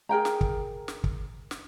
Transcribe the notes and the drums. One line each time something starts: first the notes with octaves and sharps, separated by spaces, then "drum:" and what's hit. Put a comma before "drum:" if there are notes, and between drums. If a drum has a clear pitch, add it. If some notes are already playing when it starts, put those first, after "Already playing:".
G#4 A#4 G5 A#5
drum: snare
drum: kick
drum: snare
drum: kick
drum: snare